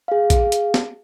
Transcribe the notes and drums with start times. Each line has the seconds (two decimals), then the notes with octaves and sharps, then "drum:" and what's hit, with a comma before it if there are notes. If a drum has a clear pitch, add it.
0.08 G#4 F5
0.30 drum: kick A#1, hi-hat
0.52 drum: hi-hat
0.74 drum: snare